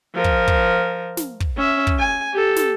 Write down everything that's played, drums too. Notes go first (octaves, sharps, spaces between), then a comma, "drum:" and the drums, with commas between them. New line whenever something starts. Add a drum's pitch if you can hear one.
F3 A#4
drum: kick
drum: kick
drum: snare
drum: kick
C#4 E5
drum: kick
G#5
G4 A4
drum: snare